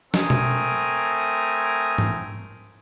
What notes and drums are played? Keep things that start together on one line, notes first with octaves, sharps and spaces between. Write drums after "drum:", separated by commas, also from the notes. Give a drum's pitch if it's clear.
A3 C4 A#4 G#5 D#6, drum: snare
drum: tom B2
drum: tom G#2